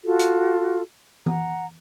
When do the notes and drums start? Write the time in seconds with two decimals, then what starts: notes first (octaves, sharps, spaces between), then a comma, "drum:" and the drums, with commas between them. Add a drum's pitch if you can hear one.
0.04 F4 F#4 A4
0.19 drum: hi-hat
1.26 F#5 A#5, drum: tom E3